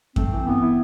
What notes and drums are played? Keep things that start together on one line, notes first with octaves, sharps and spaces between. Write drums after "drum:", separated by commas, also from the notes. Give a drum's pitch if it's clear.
A3 C4, drum: kick F#2
E3
E3 B3
E4